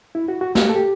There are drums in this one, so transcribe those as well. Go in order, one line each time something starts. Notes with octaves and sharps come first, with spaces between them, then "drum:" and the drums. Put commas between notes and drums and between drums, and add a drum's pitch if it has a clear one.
E4
F#4
F#4
G4, drum: snare
A4
G4